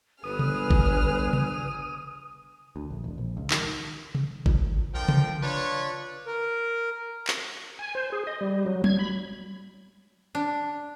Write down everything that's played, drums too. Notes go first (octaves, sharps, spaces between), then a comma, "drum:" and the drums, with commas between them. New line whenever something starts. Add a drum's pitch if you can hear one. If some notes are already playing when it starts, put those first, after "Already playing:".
G1 D3 G#4 B4 D#6 F6
drum: tom C3
drum: kick G#1
drum: tom C3
D2
A#1
E1
A#1
C#2
D#3, drum: clap
drum: tom C3
drum: kick G#1
D3 F3 A#4 G5
drum: tom C3
D4 F4 B4 C#5
A#4
drum: clap
G#5
C5
G#4
D#5
G3
F#3
G#6, drum: tom
B5
D4